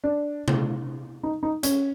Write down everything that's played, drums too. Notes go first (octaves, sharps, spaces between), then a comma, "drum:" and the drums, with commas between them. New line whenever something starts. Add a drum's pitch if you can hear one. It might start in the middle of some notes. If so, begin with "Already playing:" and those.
D4
drum: tom C3
D#4
D#4
C#4, drum: hi-hat